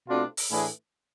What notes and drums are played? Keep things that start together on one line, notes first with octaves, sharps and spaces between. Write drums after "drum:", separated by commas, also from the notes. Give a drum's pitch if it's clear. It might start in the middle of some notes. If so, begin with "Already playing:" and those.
B2 A3 C4 D4 F4
drum: open hi-hat
A2 E3 A3 D4 E4 G#4